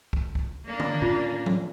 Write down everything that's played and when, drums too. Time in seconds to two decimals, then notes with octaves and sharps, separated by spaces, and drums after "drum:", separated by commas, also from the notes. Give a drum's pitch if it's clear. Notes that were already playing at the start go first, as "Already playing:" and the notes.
0.13 drum: kick
0.35 drum: kick
0.67 A#3 D4
0.80 drum: tom D3
1.02 A2 C#4 F4
1.46 drum: tom F3